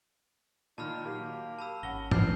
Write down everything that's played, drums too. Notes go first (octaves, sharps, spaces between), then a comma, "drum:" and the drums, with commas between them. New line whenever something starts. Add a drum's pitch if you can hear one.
A#2 D#3 D#4 A5 B5 F6
F#3 A#3 G4
A5 B5 E6
G#1 C#4 F#5 B5 A#6 G7
A1 C#4 B4 D6 F6 G6 C7, drum: tom G#2